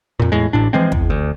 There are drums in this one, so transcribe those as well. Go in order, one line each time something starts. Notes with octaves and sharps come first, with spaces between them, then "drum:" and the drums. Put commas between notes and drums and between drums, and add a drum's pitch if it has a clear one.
F2 A#2
E2 A2 G#3
A1 A2 D4
E3 F3 G#3 C4
E2, drum: kick
D2